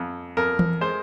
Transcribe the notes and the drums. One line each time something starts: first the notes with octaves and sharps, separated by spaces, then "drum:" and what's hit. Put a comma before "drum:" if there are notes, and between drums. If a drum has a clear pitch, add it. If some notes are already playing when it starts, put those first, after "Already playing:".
Already playing: F2
F2 A#4
drum: tom E3
G#3 C5